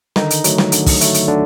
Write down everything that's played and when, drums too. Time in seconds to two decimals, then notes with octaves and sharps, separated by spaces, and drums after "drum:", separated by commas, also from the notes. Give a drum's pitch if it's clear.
0.16 D3 D#3 D#4, drum: snare
0.30 drum: hi-hat
0.44 F#3 A3, drum: hi-hat
0.58 drum: snare
0.72 D3, drum: hi-hat
0.86 drum: kick, open hi-hat
1.01 F#3 A3, drum: hi-hat
1.14 drum: hi-hat
1.28 D3 D4